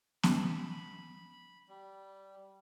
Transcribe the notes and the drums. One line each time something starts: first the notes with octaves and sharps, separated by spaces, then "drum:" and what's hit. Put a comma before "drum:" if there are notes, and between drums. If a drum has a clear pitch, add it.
B5, drum: snare B3
G3